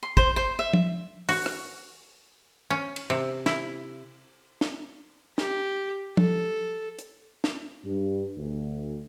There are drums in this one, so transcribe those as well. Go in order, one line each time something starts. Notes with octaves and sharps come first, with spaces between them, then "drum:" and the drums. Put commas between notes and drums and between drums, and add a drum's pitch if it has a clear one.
C6
C5, drum: kick
C5
E5
drum: tom
F#4, drum: open hi-hat
drum: rim click
C#4
drum: cymbal
C3
E4, drum: snare
drum: snare
G4, drum: snare
A4, drum: tom
drum: hi-hat
drum: snare
G2
D2